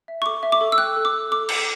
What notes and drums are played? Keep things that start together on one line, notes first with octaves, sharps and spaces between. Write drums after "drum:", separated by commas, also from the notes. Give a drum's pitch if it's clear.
E5
C#6
A4 D6
E5
D6
A4
E6
G5 F#6
A4
D6
A4
A4 D6
A4, drum: cymbal